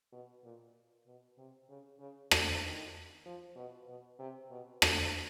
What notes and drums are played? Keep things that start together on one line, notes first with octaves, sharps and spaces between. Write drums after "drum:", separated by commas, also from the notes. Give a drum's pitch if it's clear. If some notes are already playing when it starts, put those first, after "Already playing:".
B2
A#2
B2
C3
C#3
C#3
D3, drum: rim click
D#3
F3
B2
B2
C3
B2
A#2, drum: rim click